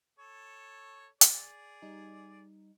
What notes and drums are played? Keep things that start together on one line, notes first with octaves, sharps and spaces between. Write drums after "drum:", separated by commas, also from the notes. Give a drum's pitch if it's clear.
A4 C#5
G#4 D5, drum: hi-hat
G3 D#4